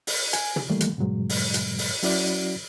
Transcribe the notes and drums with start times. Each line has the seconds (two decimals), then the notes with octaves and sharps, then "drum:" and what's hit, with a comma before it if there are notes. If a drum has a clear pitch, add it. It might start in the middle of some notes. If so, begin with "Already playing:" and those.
0.07 drum: open hi-hat
0.33 G#5, drum: hi-hat
0.56 drum: tom
0.69 D#3 E3 G3 A3 A#3
0.81 drum: hi-hat
0.98 G2 A#2 C#3 F#3 G#3
1.29 drum: open hi-hat
1.54 drum: hi-hat
1.78 drum: open hi-hat
2.03 F#3 C#4 E4 F#4 D5, drum: open hi-hat